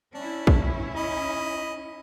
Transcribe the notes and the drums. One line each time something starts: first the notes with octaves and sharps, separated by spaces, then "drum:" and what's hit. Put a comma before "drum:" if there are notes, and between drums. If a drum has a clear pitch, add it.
C#4 D4 E4
drum: kick A#1
D#5 B5